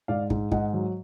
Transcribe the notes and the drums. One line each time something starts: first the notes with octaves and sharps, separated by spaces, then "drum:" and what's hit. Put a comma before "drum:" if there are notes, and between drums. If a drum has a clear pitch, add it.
G#2 D5 F5
G#2, drum: kick
G#2 D#5 F#5, drum: kick
F#3